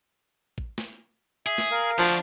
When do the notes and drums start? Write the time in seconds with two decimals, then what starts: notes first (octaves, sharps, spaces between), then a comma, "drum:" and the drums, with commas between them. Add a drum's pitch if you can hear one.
0.58 drum: kick
0.78 drum: snare
1.46 G#4 E5
1.58 drum: snare
1.71 A#4 F5
1.98 F3 D4 F#4